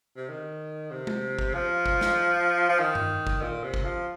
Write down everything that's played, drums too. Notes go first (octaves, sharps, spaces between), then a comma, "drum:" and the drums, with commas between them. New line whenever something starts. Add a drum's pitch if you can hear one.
C3
D#3
C3
drum: tom G#3
drum: kick
F3
drum: kick
drum: snare
F3
D#3
drum: tom G2
drum: kick
A#2
C3
drum: kick
F3